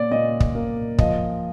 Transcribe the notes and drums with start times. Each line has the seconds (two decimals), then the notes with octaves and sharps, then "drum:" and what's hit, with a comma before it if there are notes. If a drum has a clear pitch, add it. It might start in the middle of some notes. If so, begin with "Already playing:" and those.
Already playing: A#2 D5
0.12 A#2 D#5
0.40 drum: kick
0.55 A#3
0.98 F3 D#5, drum: kick